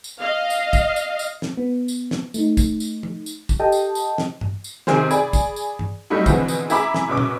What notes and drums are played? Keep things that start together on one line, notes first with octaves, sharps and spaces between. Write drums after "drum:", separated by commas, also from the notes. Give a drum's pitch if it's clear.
drum: tambourine
D#5 F5
drum: tambourine
drum: kick, tambourine
drum: tambourine
drum: tambourine
drum: snare
B3
drum: tambourine
drum: snare
A3 D#4, drum: tambourine
drum: kick, tambourine
drum: tambourine
drum: tom
drum: tambourine
drum: kick, tambourine
G4 A4 D#5 G5 A5 D#6
drum: tambourine
drum: tambourine
drum: snare
drum: tom G2
drum: tambourine
C3 D#3 G#4 A#4 C5, drum: snare
G#4 D5 B5, drum: tambourine
drum: kick, tambourine
drum: tambourine
drum: tom G2
F#3 G3 A3 D#4 E4
B2 D3 E3 F3 G#3 C4, drum: kick, tambourine
drum: tambourine
E4 G#4 E5 A#5 B5 D6, drum: tambourine
drum: snare
F#2 B2 C#4 D6
drum: tom